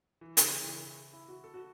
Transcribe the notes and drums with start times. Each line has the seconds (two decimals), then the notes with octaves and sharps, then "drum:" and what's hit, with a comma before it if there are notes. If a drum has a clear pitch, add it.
0.21 E3
0.37 C#3, drum: hi-hat
0.52 E3
0.59 C#3
0.67 E3
1.13 E4
1.28 F#4
1.44 A4
1.54 F#4